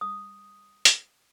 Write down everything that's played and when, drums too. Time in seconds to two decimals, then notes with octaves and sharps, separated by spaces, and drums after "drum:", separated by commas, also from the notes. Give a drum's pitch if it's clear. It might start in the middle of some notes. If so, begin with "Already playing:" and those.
0.01 D#6
0.85 drum: hi-hat